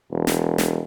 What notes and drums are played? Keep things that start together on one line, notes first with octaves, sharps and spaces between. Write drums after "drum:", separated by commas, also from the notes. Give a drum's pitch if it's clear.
E1
drum: snare
drum: snare